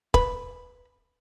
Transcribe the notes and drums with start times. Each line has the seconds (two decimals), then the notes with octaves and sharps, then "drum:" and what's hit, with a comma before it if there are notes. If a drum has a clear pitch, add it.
0.14 B4, drum: kick E1